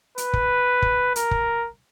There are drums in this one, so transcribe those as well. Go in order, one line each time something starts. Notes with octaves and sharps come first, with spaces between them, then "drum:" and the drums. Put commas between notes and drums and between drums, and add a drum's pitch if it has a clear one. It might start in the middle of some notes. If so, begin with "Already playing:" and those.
B4, drum: hi-hat
drum: kick
drum: kick
A#4, drum: hi-hat
drum: kick